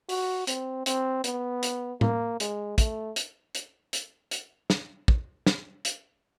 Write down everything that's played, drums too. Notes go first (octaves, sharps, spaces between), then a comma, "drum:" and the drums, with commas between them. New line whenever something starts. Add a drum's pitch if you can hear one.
F#4, drum: open hi-hat
C4, drum: hi-hat
C4, drum: hi-hat
B3, drum: hi-hat
drum: hi-hat
A#3, drum: tom A2
G#3, drum: hi-hat
A3, drum: kick, hi-hat
drum: hi-hat
drum: hi-hat
drum: hi-hat
drum: hi-hat
drum: snare
drum: kick
drum: snare
drum: hi-hat